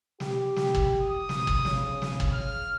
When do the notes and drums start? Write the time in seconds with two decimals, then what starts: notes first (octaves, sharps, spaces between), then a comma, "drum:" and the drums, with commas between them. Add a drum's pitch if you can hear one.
0.20 G4, drum: snare
0.56 drum: snare
0.75 drum: kick
1.01 D#6
1.29 drum: snare
1.47 drum: kick
1.65 C#3, drum: snare
2.02 drum: snare
2.20 drum: kick
2.33 F6